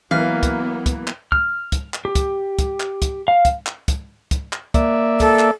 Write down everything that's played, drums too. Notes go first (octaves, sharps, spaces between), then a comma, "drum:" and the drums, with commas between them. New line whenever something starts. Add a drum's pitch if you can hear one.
E3 F#3 A#3 B3 F5
drum: kick, hi-hat
drum: kick, hi-hat
drum: clap
F6, drum: kick
drum: kick, hi-hat
drum: clap
G4
drum: kick, hi-hat
drum: kick, hi-hat
drum: clap
drum: kick, hi-hat
F5
drum: kick, hi-hat
drum: clap
drum: kick, hi-hat
drum: kick, hi-hat
drum: clap
A#3 D5 E5, drum: kick, hi-hat
A4, drum: kick, hi-hat
drum: clap